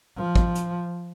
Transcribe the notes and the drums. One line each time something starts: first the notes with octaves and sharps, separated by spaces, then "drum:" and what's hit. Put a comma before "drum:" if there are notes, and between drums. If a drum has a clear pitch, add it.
F3
drum: kick
drum: hi-hat